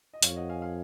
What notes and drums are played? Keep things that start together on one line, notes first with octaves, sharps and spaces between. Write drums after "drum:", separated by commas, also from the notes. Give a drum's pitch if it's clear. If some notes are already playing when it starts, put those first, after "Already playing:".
D#5
F2 C#5 F5, drum: hi-hat
D#5 F#5
F5 G#5
F5 G#5